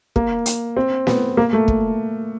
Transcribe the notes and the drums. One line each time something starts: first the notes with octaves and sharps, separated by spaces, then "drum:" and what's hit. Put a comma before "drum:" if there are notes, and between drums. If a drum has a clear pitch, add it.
A#3, drum: kick
drum: hi-hat
C4
B3, drum: snare
A#3
A3
drum: kick